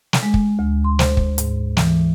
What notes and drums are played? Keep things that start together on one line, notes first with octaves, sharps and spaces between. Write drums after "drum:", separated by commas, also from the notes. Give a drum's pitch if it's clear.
drum: snare
G#3
drum: kick
D2
C6
C5, drum: snare
drum: kick
G#2, drum: hi-hat
E3, drum: snare